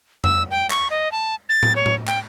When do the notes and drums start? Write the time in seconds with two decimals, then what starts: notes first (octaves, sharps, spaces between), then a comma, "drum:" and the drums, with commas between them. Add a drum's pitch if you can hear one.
0.24 E6, drum: tom F2
0.51 G5
0.70 C#6, drum: clap
0.90 D#5
1.12 A5
1.49 A6
1.63 drum: tom A2
1.76 C#5
1.86 drum: tom A2
2.07 G5, drum: clap